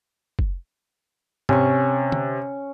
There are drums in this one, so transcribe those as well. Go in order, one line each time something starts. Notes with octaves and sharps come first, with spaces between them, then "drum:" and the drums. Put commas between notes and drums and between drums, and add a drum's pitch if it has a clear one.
drum: kick
C3 C#4 C#6, drum: tom G#2
drum: tom